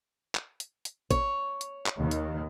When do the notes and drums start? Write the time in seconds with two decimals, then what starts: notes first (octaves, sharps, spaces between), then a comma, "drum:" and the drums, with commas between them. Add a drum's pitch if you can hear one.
0.35 drum: clap
0.60 drum: hi-hat
0.85 drum: hi-hat
1.11 C#5, drum: kick, hi-hat
1.61 drum: hi-hat
1.86 drum: clap
1.99 D#2 D#3
2.11 drum: hi-hat